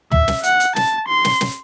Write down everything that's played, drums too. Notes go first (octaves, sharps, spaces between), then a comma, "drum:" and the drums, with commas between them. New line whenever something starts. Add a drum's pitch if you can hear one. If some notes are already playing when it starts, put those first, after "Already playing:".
E5, drum: tom
drum: snare
F#5, drum: hi-hat
drum: hi-hat
A5, drum: snare
C6
drum: snare
drum: snare